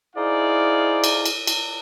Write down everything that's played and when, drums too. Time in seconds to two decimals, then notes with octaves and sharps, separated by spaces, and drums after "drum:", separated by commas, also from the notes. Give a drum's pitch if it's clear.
0.16 D#4 E4 G#4 C5 D5 F5
1.04 drum: cymbal
1.26 drum: cymbal
1.47 drum: cymbal